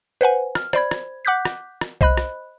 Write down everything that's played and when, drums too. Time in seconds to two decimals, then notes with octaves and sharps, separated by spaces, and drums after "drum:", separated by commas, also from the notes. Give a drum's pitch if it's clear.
0.21 B4 C5 F#5 G#5
0.55 F6, drum: rim click
0.73 C5 D5 B5 G#6, drum: rim click
0.91 drum: rim click
1.25 F#5 D6 F#6 G6 B6
1.45 drum: rim click
1.81 drum: rim click
2.01 C5 D#5 B5 F#6, drum: kick B1
2.17 drum: rim click